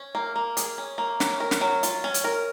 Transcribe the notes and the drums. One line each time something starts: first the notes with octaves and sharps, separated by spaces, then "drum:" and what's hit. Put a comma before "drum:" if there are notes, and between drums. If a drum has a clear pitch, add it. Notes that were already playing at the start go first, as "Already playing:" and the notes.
Already playing: C#4
A#3
A#3
G#4, drum: hi-hat
C#4
A#3
C#4, drum: snare
A#4
drum: snare
F#3
F4, drum: hi-hat
C#4
drum: hi-hat
A#4